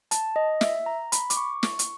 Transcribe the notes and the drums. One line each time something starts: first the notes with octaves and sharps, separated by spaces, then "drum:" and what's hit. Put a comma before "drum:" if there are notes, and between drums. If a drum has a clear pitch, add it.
A5, drum: hi-hat
D#5
E5, drum: snare
A#5
B5, drum: hi-hat
D6, drum: hi-hat
C#6
C#6, drum: snare
drum: hi-hat